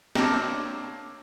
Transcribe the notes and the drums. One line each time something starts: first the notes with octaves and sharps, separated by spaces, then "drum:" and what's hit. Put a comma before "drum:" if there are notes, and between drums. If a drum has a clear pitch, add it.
A#3 C4 D4 C#5, drum: snare